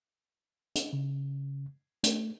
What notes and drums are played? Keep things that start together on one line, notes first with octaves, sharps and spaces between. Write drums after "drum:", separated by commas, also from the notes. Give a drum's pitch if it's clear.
drum: hi-hat
C#3
A3, drum: hi-hat